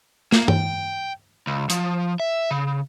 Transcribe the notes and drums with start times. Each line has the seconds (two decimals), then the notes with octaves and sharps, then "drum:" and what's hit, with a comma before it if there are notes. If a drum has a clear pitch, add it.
0.32 A#3, drum: snare
0.48 G5, drum: tom
1.47 C#2
1.70 F3, drum: hi-hat
2.20 E5
2.51 C#3